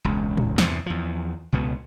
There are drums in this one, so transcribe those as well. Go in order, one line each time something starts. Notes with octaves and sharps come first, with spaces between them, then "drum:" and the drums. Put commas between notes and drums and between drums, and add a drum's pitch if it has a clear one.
E1 C#2
drum: tom
E2 G2 C3, drum: snare
E2 F3
C#2 B2 B3